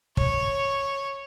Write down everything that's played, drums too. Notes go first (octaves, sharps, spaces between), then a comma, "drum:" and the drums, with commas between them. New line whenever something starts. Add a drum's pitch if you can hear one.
C#5, drum: kick